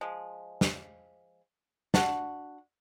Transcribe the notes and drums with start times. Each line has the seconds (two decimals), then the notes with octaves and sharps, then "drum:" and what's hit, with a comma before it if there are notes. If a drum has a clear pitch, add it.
0.01 F3 G#3
0.61 drum: snare
1.94 D4 F#4 F#5, drum: snare